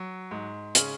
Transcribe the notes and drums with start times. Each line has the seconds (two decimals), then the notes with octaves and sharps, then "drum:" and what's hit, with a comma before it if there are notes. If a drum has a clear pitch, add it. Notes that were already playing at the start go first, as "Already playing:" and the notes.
Already playing: F#3
0.31 G#2
0.75 C#3 C#4, drum: hi-hat